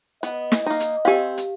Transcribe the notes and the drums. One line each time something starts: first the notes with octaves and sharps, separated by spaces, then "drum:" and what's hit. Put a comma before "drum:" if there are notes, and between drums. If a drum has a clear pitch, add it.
B3 D#5, drum: hi-hat
drum: snare
A#3 D#4
drum: hi-hat
C4 G4 A4 F5 G#5
drum: hi-hat